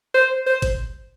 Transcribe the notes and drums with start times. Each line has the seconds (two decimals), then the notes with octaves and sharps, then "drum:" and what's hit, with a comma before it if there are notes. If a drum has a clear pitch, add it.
0.15 C5
0.47 C5
0.62 drum: kick G1, hi-hat